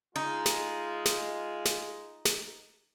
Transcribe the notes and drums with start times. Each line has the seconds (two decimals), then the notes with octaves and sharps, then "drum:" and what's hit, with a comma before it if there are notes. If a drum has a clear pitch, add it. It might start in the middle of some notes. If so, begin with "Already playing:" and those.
0.16 G#3 D#4 F4
0.46 drum: snare
1.06 drum: snare
1.65 drum: snare
2.25 drum: snare